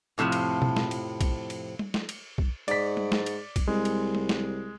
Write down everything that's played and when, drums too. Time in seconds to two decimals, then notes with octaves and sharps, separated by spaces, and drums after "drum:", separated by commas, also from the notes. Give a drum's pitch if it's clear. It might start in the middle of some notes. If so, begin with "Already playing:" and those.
0.18 F2 A2 C3 E3 F3
0.32 drum: cymbal
0.62 drum: tom B2
0.76 drum: snare
0.91 drum: cymbal
1.21 drum: kick B1, cymbal
1.50 drum: cymbal
1.79 drum: tom G3
1.94 drum: snare
2.09 drum: cymbal
2.38 drum: kick B1
2.68 G#2 D5 B6, drum: cymbal
2.97 drum: tom G3
3.12 drum: snare
3.26 drum: cymbal
3.56 drum: kick B1, cymbal
3.68 C2 G#3
3.85 drum: cymbal
4.15 drum: tom G3
4.29 drum: snare